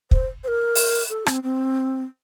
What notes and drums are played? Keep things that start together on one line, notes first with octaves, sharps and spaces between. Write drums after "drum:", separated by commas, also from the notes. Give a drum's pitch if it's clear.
C5, drum: kick
C5
A#4
drum: open hi-hat
A4
C4, drum: rim click
C4